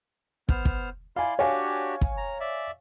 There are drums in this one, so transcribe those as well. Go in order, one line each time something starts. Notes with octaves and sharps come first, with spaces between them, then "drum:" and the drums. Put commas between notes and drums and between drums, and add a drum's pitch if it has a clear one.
B3 C5 F6, drum: kick
drum: kick
E4 D5 F5 G#5 C6
D4 F#4 G4 C#5 F5 G#5
drum: kick
A#5
D5 E5